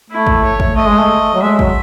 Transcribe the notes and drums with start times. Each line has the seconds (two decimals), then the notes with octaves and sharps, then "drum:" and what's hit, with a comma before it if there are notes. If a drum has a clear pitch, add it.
0.10 A3 E4
0.27 drum: kick
0.43 C#5
0.60 drum: kick
0.76 A3 D#5
0.88 G#3
0.99 A3
1.34 F#3
1.42 G#3 E5
1.59 F#3, drum: kick